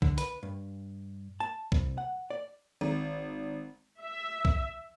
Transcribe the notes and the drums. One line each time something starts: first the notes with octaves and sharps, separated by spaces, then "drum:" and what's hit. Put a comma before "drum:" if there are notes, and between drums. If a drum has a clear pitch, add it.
D3, drum: kick B1
B4, drum: hi-hat
G2
A5
C2, drum: kick B1
F#5
D5
G#1
E5
drum: kick B1